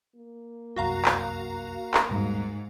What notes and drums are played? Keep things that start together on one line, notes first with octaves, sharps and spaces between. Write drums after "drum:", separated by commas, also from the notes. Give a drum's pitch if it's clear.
A#3
F1 C2 F#2 F#4 F5 A#5
drum: clap
drum: clap
D#1 G#2 B2 G3